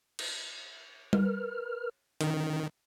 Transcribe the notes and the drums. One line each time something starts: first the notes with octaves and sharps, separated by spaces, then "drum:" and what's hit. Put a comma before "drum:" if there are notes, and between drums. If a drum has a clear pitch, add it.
drum: cymbal
A#4 B4 F6, drum: tom G3
D#3 C#4, drum: hi-hat